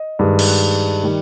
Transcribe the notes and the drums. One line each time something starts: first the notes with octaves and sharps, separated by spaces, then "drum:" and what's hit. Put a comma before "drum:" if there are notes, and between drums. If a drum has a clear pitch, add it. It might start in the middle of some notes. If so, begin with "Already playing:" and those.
Already playing: D#5
G2 D#3 G#3
drum: cymbal
D#3 G3